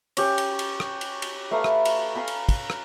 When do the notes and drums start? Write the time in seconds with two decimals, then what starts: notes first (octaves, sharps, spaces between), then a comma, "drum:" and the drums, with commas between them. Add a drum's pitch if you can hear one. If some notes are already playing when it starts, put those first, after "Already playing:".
0.17 C#4 G4 C#5, drum: cymbal
0.38 drum: cymbal
0.59 drum: cymbal
0.80 drum: rim click
1.01 drum: cymbal
1.22 drum: cymbal
1.51 A3 B4 F5 A#5
1.64 drum: rim click
1.85 drum: cymbal
2.15 F5 G#5 A#5 B5
2.28 drum: cymbal
2.49 drum: kick, cymbal
2.70 drum: rim click